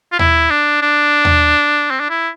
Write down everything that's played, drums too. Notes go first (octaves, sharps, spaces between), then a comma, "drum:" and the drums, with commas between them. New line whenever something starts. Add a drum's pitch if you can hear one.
F4
E4, drum: tom D#2
D4
D4
drum: tom D#2
C4
D4
E4